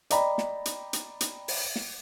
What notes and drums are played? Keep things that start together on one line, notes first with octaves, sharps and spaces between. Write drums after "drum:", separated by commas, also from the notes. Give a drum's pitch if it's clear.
D5 D#5 G5 A#5 B5, drum: hi-hat
drum: snare
drum: hi-hat
drum: hi-hat
drum: hi-hat
drum: open hi-hat
drum: snare